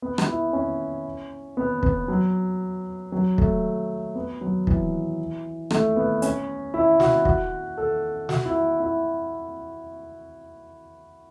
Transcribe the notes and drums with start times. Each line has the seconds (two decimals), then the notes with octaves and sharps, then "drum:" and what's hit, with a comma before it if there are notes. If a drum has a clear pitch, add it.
0.02 B3
0.18 drum: rim click
0.28 E4
0.53 C#4
1.57 B3
1.83 B3, drum: kick
2.08 F#3
3.12 F#3
3.38 A3, drum: kick
4.15 B3
4.41 F#3
4.67 E3, drum: kick
5.71 A3, drum: rim click
5.96 B3
6.22 C#4, drum: hi-hat
6.74 E4
7.00 F#4, drum: snare
7.25 F#4, drum: kick
7.77 A4
8.29 F#4, drum: snare
8.46 E4
8.80 E4